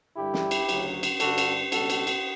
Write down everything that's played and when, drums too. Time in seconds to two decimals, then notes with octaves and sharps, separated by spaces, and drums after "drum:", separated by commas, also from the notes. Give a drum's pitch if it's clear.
0.17 G2 D3 G3 E4 G4
0.34 drum: snare
0.51 drum: cymbal
0.69 D2 C#3 F#3, drum: cymbal
1.03 drum: cymbal
1.20 G2 D3 G3 F#4 A4, drum: cymbal
1.38 drum: cymbal
1.72 C#2 B2 G3 F#4 A4, drum: cymbal
1.90 drum: cymbal
2.07 drum: cymbal